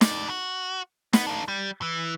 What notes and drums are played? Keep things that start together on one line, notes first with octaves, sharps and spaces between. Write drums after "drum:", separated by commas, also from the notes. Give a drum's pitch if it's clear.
F2 D5, drum: snare
F#4
B3, drum: snare
A#3 D4
G3
E3